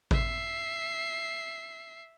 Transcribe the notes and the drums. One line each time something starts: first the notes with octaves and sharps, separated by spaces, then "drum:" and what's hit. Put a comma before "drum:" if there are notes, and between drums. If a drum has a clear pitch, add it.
E5 C7, drum: kick G#1